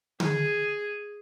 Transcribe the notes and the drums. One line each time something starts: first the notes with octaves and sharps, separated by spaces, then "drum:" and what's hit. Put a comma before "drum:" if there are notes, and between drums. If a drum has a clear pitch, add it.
G#4, drum: tom D3